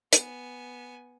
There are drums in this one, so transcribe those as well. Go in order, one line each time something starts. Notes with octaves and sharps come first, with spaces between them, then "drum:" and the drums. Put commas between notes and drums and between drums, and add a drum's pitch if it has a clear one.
B3 G#5, drum: hi-hat